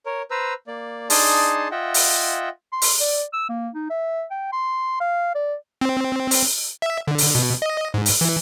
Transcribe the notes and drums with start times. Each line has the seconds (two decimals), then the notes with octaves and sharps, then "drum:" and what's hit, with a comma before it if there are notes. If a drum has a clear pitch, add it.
0.06 A#4 C#5
0.31 B4 C5 A#5 E6
0.67 A#3 D5
1.10 D4 D#4 G#4 A5 C6 D#6, drum: open hi-hat
1.71 F4 D#5 E5 F#5 G5
1.94 drum: open hi-hat
2.72 C6
2.82 drum: open hi-hat
3.00 D5
3.33 E6
3.49 A#3
3.75 D#4
3.90 E5
4.31 G5
4.52 C6
5.00 F5
5.35 D5
5.81 C4
6.31 drum: open hi-hat
6.82 E5
7.07 D3
7.18 drum: open hi-hat
7.35 B2
7.62 D#5
7.94 G#2
8.06 drum: open hi-hat
8.21 E3